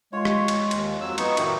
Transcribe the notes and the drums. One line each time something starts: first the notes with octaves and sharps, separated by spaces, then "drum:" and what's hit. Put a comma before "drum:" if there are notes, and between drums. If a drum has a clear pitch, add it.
G#3 F4 C#5 C6
drum: rim click
drum: cymbal
D#2, drum: cymbal
F2 F#3 E6
B3 D#4 C#6, drum: cymbal
A2 D#3 F#3 A3 D#4 D5, drum: cymbal